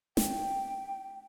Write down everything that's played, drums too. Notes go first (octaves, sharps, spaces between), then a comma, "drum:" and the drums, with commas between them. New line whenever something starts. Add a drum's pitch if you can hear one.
G5, drum: snare